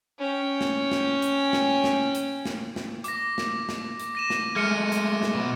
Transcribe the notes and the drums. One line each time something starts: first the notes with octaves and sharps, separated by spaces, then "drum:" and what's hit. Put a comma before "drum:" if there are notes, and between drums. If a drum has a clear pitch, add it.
C#4 G5
drum: snare
drum: snare
drum: hi-hat
drum: snare
drum: snare
drum: hi-hat
drum: snare
drum: snare
D6 A#6, drum: hi-hat
drum: snare
drum: snare
drum: hi-hat
A#6 D#7 E7
drum: snare
G#3 A3 F6 C#7 D#7
drum: hi-hat
drum: snare
B1 B2